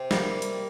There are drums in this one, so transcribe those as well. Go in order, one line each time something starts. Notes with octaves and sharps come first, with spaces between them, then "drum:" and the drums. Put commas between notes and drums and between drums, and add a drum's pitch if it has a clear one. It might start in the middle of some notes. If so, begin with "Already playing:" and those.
Already playing: C3
G3 A#3, drum: snare
drum: hi-hat